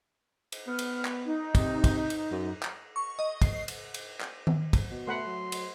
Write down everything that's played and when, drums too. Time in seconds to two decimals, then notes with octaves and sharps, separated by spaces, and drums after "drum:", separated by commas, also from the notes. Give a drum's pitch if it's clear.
0.52 drum: cymbal
0.67 B3 F6
0.79 drum: cymbal
1.05 drum: clap
1.24 D#4
1.55 C3, drum: kick, cymbal
1.84 drum: kick, cymbal
2.10 drum: cymbal
2.31 F#2
2.63 drum: clap
2.96 C#6
3.19 D#5
3.42 C7, drum: kick, cymbal
3.68 drum: cymbal
3.94 drum: cymbal
4.21 drum: clap
4.47 drum: tom D#3
4.73 drum: kick, cymbal
4.91 B2
5.07 A3 F#5 B5 C6
5.26 F#3
5.52 drum: cymbal